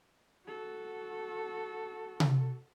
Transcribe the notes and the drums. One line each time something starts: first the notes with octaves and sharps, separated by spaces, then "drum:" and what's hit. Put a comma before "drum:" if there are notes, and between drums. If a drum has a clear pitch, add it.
F#4 A4
drum: tom C3